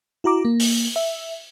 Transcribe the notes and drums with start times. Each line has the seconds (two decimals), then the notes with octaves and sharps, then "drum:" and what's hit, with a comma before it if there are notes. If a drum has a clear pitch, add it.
0.24 E4 F#4 A#5 D6
0.45 A#3
0.60 drum: open hi-hat
0.96 E5